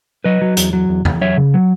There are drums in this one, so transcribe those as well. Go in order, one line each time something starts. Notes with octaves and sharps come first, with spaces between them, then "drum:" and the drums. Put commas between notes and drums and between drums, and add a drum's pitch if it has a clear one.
F#3 B4 D#5
F#3
E2, drum: hi-hat
F#3
E2
E2, drum: tom E2
F#3 C#5 E5
C#3
F#3